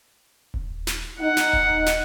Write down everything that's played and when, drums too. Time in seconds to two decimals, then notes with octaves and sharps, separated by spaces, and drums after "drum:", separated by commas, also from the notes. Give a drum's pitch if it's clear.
0.54 drum: kick D#1
0.87 drum: snare
1.20 D#4 F#5
1.37 drum: snare
1.53 drum: kick D#1
1.86 drum: snare